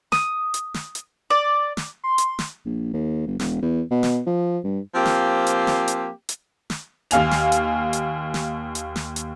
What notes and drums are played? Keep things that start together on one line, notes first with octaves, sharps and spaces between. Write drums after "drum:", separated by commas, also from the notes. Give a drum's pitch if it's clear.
D#6, drum: snare
drum: hi-hat
drum: snare
drum: hi-hat
D5
drum: snare
C6
drum: hi-hat
drum: snare
A#1
D#2
G1
E1, drum: snare
E2
B2
drum: snare
F3
G2
F3 A#3 C4 G4
drum: snare
drum: hi-hat
drum: snare
drum: hi-hat
drum: hi-hat
drum: snare
D#2 F5 G#5 F7, drum: hi-hat
drum: snare
drum: hi-hat
drum: hi-hat
drum: snare
drum: hi-hat
drum: snare
drum: hi-hat